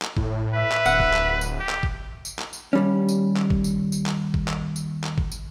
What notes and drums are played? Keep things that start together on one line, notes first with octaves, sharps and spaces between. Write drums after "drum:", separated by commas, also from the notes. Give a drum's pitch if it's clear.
drum: clap
A2, drum: kick
B4 E5
drum: clap
D1 F#5, drum: tambourine
drum: kick
drum: clap
drum: tambourine
G4
drum: clap
drum: kick
drum: tambourine
drum: clap
drum: tambourine
D#2 G3 C#4
drum: tambourine
drum: clap
drum: kick
drum: tambourine
drum: tambourine
drum: clap
drum: kick
drum: clap
drum: tambourine
drum: clap
drum: kick
drum: tambourine